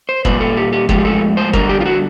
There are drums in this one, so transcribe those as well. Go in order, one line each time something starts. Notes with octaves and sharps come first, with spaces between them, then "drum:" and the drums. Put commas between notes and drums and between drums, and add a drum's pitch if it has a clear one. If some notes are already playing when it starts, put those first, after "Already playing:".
C5
A#2 G3 B4, drum: kick
A4
G4
G4
A2 F3 G#3 G4, drum: kick
G#4
A4
C5
D3 G3 A#4, drum: kick
G4
F4
F#4